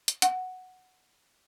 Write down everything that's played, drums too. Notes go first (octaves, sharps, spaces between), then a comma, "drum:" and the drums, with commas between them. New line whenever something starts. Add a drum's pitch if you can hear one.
drum: hi-hat
F#5, drum: hi-hat